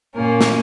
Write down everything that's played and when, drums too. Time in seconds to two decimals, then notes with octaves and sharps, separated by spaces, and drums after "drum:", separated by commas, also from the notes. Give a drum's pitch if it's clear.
0.15 A#2 A#3 C#4 A#4
0.41 drum: snare